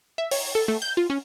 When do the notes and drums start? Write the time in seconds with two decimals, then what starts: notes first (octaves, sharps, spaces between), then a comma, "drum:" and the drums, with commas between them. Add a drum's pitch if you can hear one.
0.18 E5
0.31 C#5, drum: open hi-hat
0.55 A4
0.68 A3
0.82 G6
0.97 F4
1.10 C#4